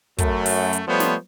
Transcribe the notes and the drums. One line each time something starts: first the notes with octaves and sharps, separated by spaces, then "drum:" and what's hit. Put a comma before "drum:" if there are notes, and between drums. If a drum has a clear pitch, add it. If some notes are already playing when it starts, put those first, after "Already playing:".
F#2 A3, drum: kick, hi-hat
drum: open hi-hat
drum: hi-hat
F3 G3 A3 B3 C5 C#5
drum: snare